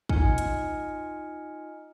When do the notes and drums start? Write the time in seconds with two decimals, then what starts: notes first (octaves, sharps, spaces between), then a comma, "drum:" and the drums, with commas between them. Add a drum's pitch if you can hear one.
0.09 D#4 F4 D#5 G#5 F6 C#7, drum: kick
0.38 drum: hi-hat